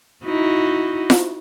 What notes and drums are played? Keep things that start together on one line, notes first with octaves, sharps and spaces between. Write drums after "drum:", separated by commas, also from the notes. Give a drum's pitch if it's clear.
D#4 E4 F#4
drum: snare F4